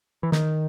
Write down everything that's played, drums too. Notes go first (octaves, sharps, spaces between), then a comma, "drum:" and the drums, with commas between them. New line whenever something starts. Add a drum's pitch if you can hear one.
E3
D#3, drum: snare